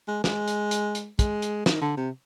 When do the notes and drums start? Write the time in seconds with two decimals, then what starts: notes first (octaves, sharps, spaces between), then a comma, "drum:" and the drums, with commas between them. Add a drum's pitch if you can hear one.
0.08 G#3
0.24 G#3, drum: snare
0.48 drum: hi-hat
0.71 drum: hi-hat
0.95 drum: hi-hat
1.19 G#3, drum: kick, hi-hat
1.42 drum: hi-hat
1.66 D#3, drum: snare
1.81 D3
1.97 C3